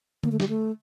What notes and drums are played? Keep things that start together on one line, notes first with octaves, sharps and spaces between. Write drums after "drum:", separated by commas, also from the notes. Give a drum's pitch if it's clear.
A#3, drum: tom D3
A3
G3, drum: snare
A3